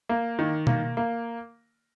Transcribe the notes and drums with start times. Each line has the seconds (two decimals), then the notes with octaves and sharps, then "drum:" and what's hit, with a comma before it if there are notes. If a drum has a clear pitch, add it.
0.09 A#3
0.39 D#3
0.67 A#3, drum: tom B2
0.97 A#3